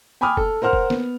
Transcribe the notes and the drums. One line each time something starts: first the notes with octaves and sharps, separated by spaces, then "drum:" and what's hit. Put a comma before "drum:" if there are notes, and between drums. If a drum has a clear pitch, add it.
G5 G#5 B5 D6 D#6 F6
A4, drum: kick F1
A#4 C5 F#5 F6
drum: kick F1
B3, drum: snare